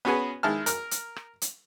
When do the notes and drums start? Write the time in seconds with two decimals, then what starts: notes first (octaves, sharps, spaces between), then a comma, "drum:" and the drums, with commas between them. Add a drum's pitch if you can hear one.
0.05 B3 C#4 F#4 G#4 B4 G#5
0.43 D#3 G#3 E4 A5 F6
0.66 A#4 F6, drum: hi-hat
0.91 drum: hi-hat
1.16 drum: rim click
1.42 drum: hi-hat